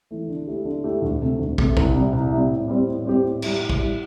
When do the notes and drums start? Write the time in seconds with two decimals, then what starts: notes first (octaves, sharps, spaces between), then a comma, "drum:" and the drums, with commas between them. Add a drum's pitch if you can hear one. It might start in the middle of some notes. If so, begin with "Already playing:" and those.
0.11 E3 A3
0.28 D3
0.47 A3 E4 G4
0.65 D3
0.84 A3 E4 G4
1.02 D2
1.21 C3 A3
1.39 D2
1.58 C3 A3, drum: kick
1.77 C2, drum: kick
1.95 C3 G3 E4
2.13 C2
2.31 C3 G3 E4
2.50 A2
2.68 G3 C4 G4
2.87 A2
3.05 G3 C4 G4
3.24 A2
3.42 G3 E4 G4, drum: cymbal
3.60 A2
3.69 drum: kick
3.79 G3 E4 G4